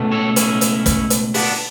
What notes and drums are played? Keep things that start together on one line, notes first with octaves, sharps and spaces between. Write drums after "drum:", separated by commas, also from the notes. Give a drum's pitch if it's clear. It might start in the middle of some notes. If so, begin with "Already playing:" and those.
Already playing: C#2 B2 A3
A4 C#5
C#4 E4, drum: hi-hat
drum: hi-hat
drum: kick, hi-hat
drum: hi-hat
B3 D4, drum: open hi-hat